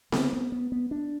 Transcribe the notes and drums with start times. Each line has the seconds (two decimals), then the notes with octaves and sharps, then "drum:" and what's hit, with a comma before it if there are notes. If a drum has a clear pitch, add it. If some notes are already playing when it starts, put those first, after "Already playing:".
0.12 B3, drum: snare C4
0.33 B3
0.52 B3
0.72 B3
0.91 D4